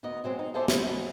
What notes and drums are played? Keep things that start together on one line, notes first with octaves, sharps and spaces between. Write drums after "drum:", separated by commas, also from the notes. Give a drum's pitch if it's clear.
D2 B3 A#4 D#5
F#3 G#3 C4
D#4
F4 G#4 A4 C5 D5 E5
C#3 E4, drum: snare
F#3 G#3